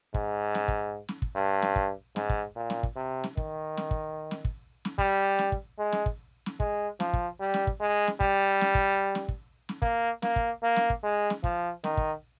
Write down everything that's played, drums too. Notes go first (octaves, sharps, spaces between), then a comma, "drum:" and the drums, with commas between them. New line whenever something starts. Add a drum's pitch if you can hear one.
G#2, drum: kick
drum: snare
drum: kick
drum: snare
drum: kick
G2
drum: snare
drum: kick
G#2, drum: snare
drum: kick
A#2
drum: snare
drum: kick
C3
drum: snare
D#3, drum: kick
drum: snare
drum: kick
drum: snare
drum: kick
drum: snare
G3, drum: kick
drum: snare
drum: kick
G#3
drum: snare
drum: kick
drum: snare
G#3, drum: kick
F3, drum: snare
drum: kick
G3
drum: snare
drum: kick
G#3
drum: snare
G3, drum: kick
drum: snare
drum: kick
drum: snare
drum: kick
drum: snare
A#3, drum: kick
A#3, drum: snare
drum: kick
A#3
drum: snare
drum: kick
G#3
drum: snare
F3, drum: kick
D#3, drum: snare
drum: kick